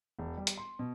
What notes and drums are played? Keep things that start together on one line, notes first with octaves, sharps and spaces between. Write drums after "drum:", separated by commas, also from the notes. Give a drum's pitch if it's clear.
E1
G3
drum: hi-hat
C6
B2